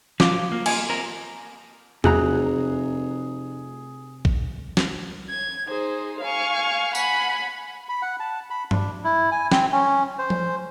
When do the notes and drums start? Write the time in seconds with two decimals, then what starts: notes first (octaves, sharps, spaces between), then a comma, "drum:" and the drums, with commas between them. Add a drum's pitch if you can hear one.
0.20 F3 F#3 F4 D6, drum: snare
0.52 A#3
0.66 G#5, drum: cymbal
0.90 C4 A#4
2.04 F1 C3 F#4 G#4 A#5, drum: tom E2
4.25 drum: kick A#1
4.77 drum: snare
5.28 G#6
5.68 D#4 G#4 C5
6.21 F5 G#5 C#6
6.95 F#5 G#5 B5, drum: tambourine
7.89 B5
8.02 F#5
8.20 A5
8.50 B5
8.71 D4, drum: tom G2
9.04 E4
9.31 G#5
9.52 C4, drum: snare
9.72 C#4
10.19 C5
10.30 drum: tom F3